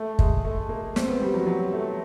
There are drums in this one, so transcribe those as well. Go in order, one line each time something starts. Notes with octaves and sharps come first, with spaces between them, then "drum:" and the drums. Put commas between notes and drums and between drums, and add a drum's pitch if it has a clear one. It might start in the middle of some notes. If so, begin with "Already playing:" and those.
Already playing: A3
G#3, drum: kick
A3
A#3
C4, drum: snare
B3
G3
F#3
F#3
A3